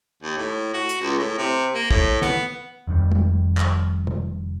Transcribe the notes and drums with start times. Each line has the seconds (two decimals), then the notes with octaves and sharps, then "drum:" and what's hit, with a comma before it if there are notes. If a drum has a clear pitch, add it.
0.23 D#2
0.38 A2
0.74 F#4
0.89 drum: hi-hat
1.01 C#2
1.18 A2
1.38 C3
1.74 A#3
1.91 A2, drum: kick
2.22 B3, drum: snare
2.87 F1 F2 D#3 G3
3.12 drum: tom
3.57 drum: clap
4.07 drum: tom